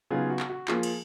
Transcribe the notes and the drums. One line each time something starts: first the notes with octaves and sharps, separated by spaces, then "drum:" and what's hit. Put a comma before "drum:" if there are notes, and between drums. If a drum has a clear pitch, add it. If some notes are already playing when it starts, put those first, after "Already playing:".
C#3 F#3 B3 D#4 F4 G#4
F#4
drum: clap
F#4
F3 A#3 F4 G#4, drum: clap
drum: cymbal